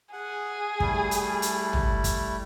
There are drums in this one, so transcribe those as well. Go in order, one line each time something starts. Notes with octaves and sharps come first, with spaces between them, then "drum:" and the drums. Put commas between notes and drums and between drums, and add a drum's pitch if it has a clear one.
G#4 F#5
G3 A3 E4, drum: kick
drum: hi-hat
drum: hi-hat
drum: tom
drum: kick, hi-hat